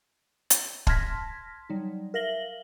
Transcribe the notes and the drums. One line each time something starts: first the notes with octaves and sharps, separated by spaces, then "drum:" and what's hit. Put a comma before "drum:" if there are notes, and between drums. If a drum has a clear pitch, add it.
drum: hi-hat
A5 C6 F6 G#6 A#6 B6, drum: kick
F#3 G3 D#4
A#4 E5 F5 A#6 F#7 G7